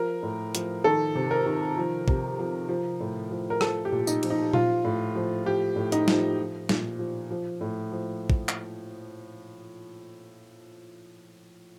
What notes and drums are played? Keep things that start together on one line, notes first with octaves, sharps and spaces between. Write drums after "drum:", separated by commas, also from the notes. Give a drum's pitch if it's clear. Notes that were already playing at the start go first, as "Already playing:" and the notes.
Already playing: F3 A#4
A2
F3, drum: hi-hat
D#3 A4
C3
A#4
D#3
F3
C3, drum: kick
F3
F3
A2
F3
A#4
F3 A4, drum: rim click
G4
A#2
D#4, drum: tambourine
F3, drum: cymbal
D#4
F3 F4, drum: tom A#2
A2
F3
F3 G4
A2
D#4, drum: hi-hat
F3, drum: snare
F3
A#2, drum: snare
F3
F3
A2
F3
drum: kick
drum: clap